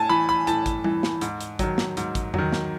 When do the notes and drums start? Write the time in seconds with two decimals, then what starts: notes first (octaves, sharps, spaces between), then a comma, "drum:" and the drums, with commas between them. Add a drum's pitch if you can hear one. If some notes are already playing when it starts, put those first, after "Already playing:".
Already playing: A2 G#5 A5
0.10 E3 B5
0.29 B5
0.47 A2 A5, drum: hi-hat
0.66 drum: kick, hi-hat
0.84 E3, drum: tom G3
1.03 drum: snare
1.21 G#2, drum: hi-hat
1.41 drum: hi-hat
1.59 D#3 F#3, drum: kick, hi-hat
1.78 drum: snare
1.97 G#2, drum: hi-hat
2.15 drum: kick, hi-hat
2.34 D#3 F#3, drum: tom E2
2.53 drum: snare